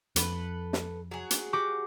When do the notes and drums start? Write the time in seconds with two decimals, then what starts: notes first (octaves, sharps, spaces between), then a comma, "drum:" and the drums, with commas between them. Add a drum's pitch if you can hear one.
0.16 F2 A4 B4, drum: hi-hat
0.73 drum: snare
1.11 F#3 G#4
1.31 drum: hi-hat
1.53 F#4 G4 D6